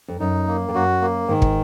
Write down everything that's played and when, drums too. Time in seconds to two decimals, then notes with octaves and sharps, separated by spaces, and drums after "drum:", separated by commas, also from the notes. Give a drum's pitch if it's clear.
0.08 F2
0.20 F#2 D#4
0.47 A#3
0.69 F2
0.75 F#2 F#4
1.01 A#3
1.28 G#2 D#3
1.42 drum: kick